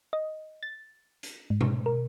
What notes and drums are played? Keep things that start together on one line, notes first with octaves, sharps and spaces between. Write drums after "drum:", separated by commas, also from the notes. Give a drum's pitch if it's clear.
D#5
A6
drum: hi-hat
G#2
drum: tom B2
A#4